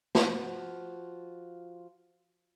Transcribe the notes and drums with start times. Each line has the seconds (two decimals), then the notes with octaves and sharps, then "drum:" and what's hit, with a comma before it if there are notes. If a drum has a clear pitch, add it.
0.15 F3 F4 F#4, drum: snare